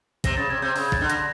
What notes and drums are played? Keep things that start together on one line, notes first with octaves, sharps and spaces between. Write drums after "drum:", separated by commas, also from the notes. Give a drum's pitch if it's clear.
C3 A#6, drum: kick, hi-hat
C#3 A6
C3 G#6
C3 G6
C#3, drum: open hi-hat
G#6
A6, drum: kick
D3
A#6, drum: hi-hat